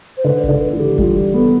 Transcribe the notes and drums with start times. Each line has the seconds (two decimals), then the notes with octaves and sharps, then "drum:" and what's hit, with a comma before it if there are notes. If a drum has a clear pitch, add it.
0.17 C5
0.24 D3 B4
0.43 B4, drum: kick G1
0.49 D3
0.61 A4
0.73 E3
0.80 G4
0.98 G3 F4, drum: kick G1
1.17 G4
1.34 B3 A4